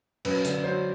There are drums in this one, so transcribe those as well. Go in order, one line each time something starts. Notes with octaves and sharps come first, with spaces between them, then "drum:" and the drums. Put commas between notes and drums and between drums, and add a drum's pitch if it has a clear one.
F#2 B4, drum: cymbal
D3, drum: hi-hat
F#3 C5